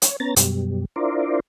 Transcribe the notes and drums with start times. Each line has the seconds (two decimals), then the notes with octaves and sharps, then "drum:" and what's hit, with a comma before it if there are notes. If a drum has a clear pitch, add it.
0.02 C#5, drum: hi-hat
0.20 B3 C#4 A#5 A6
0.36 F#2 B2 G3, drum: hi-hat
0.96 D4 E4 F4 A#4 C5 D5